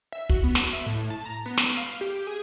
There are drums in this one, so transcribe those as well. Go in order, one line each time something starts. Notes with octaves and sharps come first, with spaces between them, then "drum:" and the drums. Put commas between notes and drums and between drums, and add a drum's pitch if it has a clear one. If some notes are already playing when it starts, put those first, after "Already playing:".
E5
F#4, drum: kick
B3
drum: snare
E5
A2
A5
A#5
B3
drum: snare
F5
G4
G#4